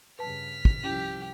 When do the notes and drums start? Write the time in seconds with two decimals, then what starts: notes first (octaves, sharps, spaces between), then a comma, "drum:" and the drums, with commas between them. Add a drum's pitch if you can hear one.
0.19 G2 C#3 B4 A5 F6 B6
0.65 drum: kick
0.83 C2 F3 C#4 E4 G4 G5